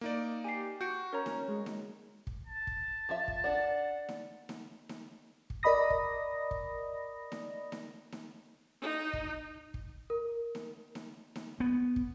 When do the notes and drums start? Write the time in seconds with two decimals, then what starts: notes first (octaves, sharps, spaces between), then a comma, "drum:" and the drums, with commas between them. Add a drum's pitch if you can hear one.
0.01 A#3 D#4 D5
0.44 G4 G#5 C7
0.81 F#4 G6 C#7 D7
1.12 C#4 A#4 C#5 A#5
1.26 drum: snare D#4
1.48 G#3
1.66 drum: snare D#4
2.27 drum: kick
2.47 A5
2.67 drum: kick
3.09 F3 F4 E5
3.28 drum: kick
3.44 D4 A#4 D5 F#5
4.09 drum: snare D#4
4.49 drum: snare D#4
4.89 drum: snare D#4
5.50 drum: kick
5.63 A#4 D5 D#5 B5 D#6 A#6
5.90 drum: kick
6.51 drum: kick
7.32 drum: snare D#4
7.72 drum: snare D#4
8.12 drum: snare D#4
8.81 D#4
9.13 drum: kick
9.74 drum: kick
10.10 A#4
10.55 drum: snare D#4
10.95 drum: snare D#4
11.36 drum: snare D#4
11.60 B3
11.96 drum: kick